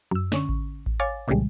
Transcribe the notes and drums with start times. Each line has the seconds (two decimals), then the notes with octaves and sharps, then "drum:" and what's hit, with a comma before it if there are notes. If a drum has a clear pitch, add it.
0.11 F#2 E6
0.32 D3 C#4 C#6, drum: snare
0.49 drum: kick A1
0.86 drum: kick A1
1.00 C#5 F5 G#5 D6 A6
1.28 C2 A#2 C#3 E3 G3 G#3